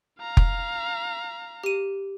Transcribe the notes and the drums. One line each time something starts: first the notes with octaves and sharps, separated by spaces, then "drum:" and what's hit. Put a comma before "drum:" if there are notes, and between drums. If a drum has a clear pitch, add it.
F5 A#5
drum: kick F1
G4 D#7